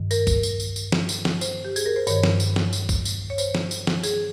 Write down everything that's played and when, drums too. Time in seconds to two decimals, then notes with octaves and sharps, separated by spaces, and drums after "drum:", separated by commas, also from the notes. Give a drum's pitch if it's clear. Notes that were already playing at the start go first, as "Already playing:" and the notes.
Already playing: G2 D#3
0.11 A#4, drum: tambourine
0.27 drum: kick B1, tambourine
0.43 drum: tambourine
0.60 drum: tambourine
0.76 drum: tambourine
0.92 drum: snare
1.09 drum: tambourine
1.25 drum: snare
1.41 C5, drum: tambourine
1.65 G4
1.76 G#4, drum: tambourine
1.86 A#4
1.96 C5
2.07 G2 D#3 C#5, drum: tambourine
2.23 drum: snare
2.40 drum: tambourine
2.56 drum: snare
2.73 drum: tambourine
2.89 drum: kick B1, tambourine
3.05 drum: tambourine
3.30 C#5
3.38 C5, drum: tambourine
3.55 drum: snare
3.71 drum: tambourine
3.87 drum: snare
4.03 G#4, drum: tambourine